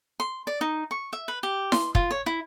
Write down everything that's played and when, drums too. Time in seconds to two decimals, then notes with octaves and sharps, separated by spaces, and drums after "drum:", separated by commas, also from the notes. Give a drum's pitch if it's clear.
0.20 C6
0.47 D5
0.61 D#4
0.91 C#6
1.13 E5
1.28 B4
1.43 G4
1.72 C6, drum: snare E4
1.95 F4, drum: kick
2.11 C#5
2.26 E4